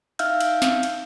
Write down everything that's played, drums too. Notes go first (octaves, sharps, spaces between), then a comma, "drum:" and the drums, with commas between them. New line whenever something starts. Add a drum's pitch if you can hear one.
D#4 E5 F5 E6 F6 G6, drum: cymbal
drum: cymbal
drum: snare
drum: cymbal